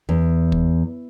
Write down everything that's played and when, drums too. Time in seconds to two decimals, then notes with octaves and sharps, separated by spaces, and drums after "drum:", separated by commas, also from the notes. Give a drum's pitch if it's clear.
0.09 E2
0.52 drum: kick